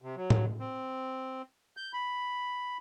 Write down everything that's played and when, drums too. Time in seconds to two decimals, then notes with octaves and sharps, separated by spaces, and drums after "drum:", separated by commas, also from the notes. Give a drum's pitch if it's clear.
0.02 C3
0.16 F#3
0.30 drum: tom A2
0.60 C4
1.77 G6
1.93 B5